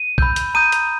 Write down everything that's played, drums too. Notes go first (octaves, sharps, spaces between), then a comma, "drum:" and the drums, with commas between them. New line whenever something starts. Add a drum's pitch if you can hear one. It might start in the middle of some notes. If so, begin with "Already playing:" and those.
Already playing: D#7
B5 E6 G6, drum: kick
drum: hi-hat
A#5 D#6 G6 D#7
drum: hi-hat